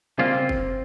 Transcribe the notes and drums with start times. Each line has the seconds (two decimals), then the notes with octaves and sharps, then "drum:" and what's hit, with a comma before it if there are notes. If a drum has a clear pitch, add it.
0.18 C#3 G3 A#3 C4 F4
0.49 drum: kick